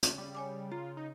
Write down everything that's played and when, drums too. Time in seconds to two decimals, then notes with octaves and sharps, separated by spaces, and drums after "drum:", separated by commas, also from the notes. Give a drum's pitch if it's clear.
0.03 C#3, drum: hi-hat
0.18 G3
0.35 C#5 G#5 D6
0.72 F4 A#5
0.97 D#4